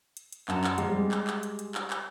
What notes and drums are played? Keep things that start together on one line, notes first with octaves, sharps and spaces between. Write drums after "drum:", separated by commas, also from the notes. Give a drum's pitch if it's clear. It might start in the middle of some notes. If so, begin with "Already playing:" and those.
drum: hi-hat
drum: hi-hat
F#2 F#5 A5 A#5, drum: clap
drum: clap
F2 G#3 G4, drum: hi-hat
G3
drum: clap
drum: clap
drum: hi-hat
drum: hi-hat
drum: clap
drum: clap